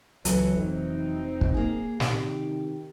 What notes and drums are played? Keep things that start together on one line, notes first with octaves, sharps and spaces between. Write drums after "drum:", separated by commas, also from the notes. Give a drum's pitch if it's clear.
C#2 E3 F#3 A4 B4 C#5, drum: hi-hat
F1 C4 D#4
drum: kick
A#3 G#4
C3 D#3 C4 G4, drum: snare